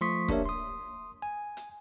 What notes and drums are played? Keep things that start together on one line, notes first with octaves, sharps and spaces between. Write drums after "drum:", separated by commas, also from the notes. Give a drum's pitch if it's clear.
F3 A3 C6 C#6 D#6 B6
A#3 D4 G4 A#4 C#5 E5, drum: kick
C6 D#6
G#5
drum: hi-hat